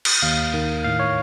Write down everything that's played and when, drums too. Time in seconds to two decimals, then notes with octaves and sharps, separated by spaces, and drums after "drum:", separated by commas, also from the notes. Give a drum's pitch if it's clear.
0.05 drum: cymbal
0.22 D#2 F5
0.54 D#3
0.84 A2 F5
0.99 C#5